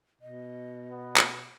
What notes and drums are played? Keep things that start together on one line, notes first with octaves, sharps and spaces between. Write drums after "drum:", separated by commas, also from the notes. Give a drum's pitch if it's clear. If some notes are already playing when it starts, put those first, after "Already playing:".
B2 D#5
B3
drum: clap